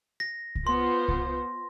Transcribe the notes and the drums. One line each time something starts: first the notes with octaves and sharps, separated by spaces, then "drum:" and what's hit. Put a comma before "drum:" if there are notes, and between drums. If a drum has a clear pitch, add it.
A#6
drum: kick C2
B3 F4 C5 C6
drum: kick C2